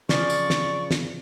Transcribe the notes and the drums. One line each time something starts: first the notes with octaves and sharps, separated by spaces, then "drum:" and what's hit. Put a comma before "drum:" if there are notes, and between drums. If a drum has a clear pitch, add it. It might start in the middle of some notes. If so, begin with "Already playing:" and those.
C#3 F3 D5 C#6, drum: snare
drum: tambourine
drum: snare
drum: snare